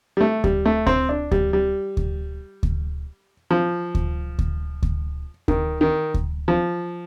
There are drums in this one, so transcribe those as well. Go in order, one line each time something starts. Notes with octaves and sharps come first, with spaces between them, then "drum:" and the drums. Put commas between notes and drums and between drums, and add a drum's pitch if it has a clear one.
G3
A3
G3, drum: kick D2
A3
C4, drum: kick D2
D4
G3, drum: kick D2
G3
drum: kick D2
drum: kick D2
F3
drum: kick D2
drum: kick D2
drum: kick D2
D#3, drum: kick D2
D#3
drum: kick D2
F3